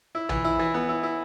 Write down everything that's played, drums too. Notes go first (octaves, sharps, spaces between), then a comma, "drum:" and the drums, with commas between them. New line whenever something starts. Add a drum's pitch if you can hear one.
E4
E3, drum: tom
E4
E3
B3
E4
E4